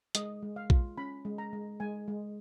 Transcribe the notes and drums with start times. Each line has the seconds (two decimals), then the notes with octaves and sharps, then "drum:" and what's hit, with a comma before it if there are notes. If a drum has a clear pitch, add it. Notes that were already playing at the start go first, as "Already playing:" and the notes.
0.15 G#3 D#5, drum: hi-hat
0.42 G#3
0.56 F5
0.70 F4, drum: kick A#1
0.98 C#4 B5
1.25 G#3
1.38 A#5
1.53 G#3
1.80 G#3 G#5
2.08 G#3